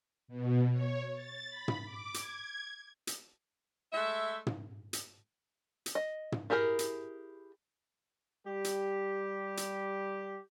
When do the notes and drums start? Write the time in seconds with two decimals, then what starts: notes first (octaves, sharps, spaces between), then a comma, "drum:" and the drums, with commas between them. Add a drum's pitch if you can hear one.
0.28 B2
0.70 C#5
1.14 A6
1.48 B5
1.68 drum: tom
1.85 D6
2.14 G#6, drum: hi-hat
3.07 drum: hi-hat
3.93 G#3 A3 E5
4.47 drum: tom
4.93 drum: hi-hat
5.86 drum: hi-hat
5.95 D#5
6.32 drum: tom
6.50 E4 G4 G#4 A#4
6.79 drum: hi-hat
8.45 G3 G4
8.64 drum: hi-hat
9.57 drum: hi-hat